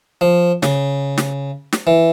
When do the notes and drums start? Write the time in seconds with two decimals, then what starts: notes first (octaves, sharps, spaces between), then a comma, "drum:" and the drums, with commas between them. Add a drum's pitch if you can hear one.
0.21 F3
0.63 C#3, drum: snare
1.18 drum: snare
1.73 drum: snare
1.87 E3